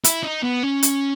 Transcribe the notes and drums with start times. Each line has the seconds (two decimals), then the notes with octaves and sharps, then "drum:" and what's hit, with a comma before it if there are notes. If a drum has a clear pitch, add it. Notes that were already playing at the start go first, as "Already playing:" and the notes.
0.04 E4, drum: hi-hat
0.23 D#4
0.43 B3
0.63 C#4
0.83 drum: hi-hat